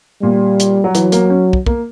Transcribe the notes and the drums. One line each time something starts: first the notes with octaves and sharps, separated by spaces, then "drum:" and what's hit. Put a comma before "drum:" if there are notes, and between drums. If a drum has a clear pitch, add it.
A#2 G3
drum: hi-hat
F#3
E3 F#3, drum: hi-hat
A#3, drum: hi-hat
C#4
drum: kick
A#3, drum: kick